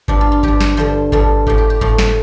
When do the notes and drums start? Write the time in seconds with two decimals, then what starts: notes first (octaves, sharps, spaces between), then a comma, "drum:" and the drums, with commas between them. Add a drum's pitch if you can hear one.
0.08 G2 F3 D4, drum: kick G#1
0.21 F4
0.32 F4
0.43 G2 F3 G4, drum: kick G#1
0.61 drum: snare
0.77 G2 D3 F3 C5
1.12 G2 D3 F3 A4, drum: kick G#1
1.47 A2 F3 G4, drum: kick G#1
1.58 G4
1.70 G4
1.81 A2 F3, drum: kick G#1
1.98 drum: snare